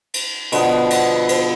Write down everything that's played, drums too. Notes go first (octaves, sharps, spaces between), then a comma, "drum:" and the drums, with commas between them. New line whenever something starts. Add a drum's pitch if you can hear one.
drum: cymbal
B2 D3 F3 B3, drum: cymbal
drum: cymbal
drum: cymbal